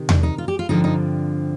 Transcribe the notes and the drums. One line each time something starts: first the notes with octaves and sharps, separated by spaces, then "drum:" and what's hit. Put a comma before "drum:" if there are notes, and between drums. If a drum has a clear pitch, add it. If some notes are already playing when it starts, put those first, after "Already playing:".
Already playing: C3 D#3
D4, drum: tom E2
D#4
F4
G4
F4
G2 D3 F3 C4 D#4
D#4